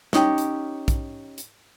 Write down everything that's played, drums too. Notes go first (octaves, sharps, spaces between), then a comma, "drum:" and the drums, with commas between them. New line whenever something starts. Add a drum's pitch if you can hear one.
C#4 D#4 G4, drum: snare
drum: hi-hat
drum: kick A#1, hi-hat
drum: hi-hat